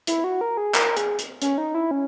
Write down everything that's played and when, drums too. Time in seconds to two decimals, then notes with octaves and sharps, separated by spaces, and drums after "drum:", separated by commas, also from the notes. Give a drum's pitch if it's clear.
0.07 E4, drum: hi-hat
0.24 F#4
0.41 A#4
0.57 G#4
0.74 A#4, drum: clap
0.97 G#4, drum: hi-hat
1.19 drum: hi-hat
1.42 C#4, drum: hi-hat
1.58 D#4
1.74 E4
1.91 C#4